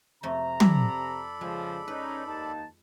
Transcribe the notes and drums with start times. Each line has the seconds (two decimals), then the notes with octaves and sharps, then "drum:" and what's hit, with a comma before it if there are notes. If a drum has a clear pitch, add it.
0.23 F2 C3 A3 A#5
0.60 A4 D5 B5, drum: tom
1.41 C#3 F3 G#3
1.88 C#4 D#4 B4
2.27 D#2 D#4 A5